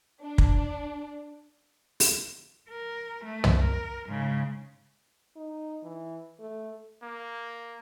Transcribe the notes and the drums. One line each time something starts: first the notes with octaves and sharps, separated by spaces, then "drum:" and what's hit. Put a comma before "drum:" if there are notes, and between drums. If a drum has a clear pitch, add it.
D4
drum: kick
drum: open hi-hat
A#4
A3
drum: tom
A#4
G#2 C#3
D#4
E3
A3
A#3